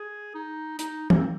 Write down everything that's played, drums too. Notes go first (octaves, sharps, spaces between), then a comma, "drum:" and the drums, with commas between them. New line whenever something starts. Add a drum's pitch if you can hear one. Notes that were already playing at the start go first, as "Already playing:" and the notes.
Already playing: G#4
D#4
D#4, drum: hi-hat
A#3, drum: tom
C4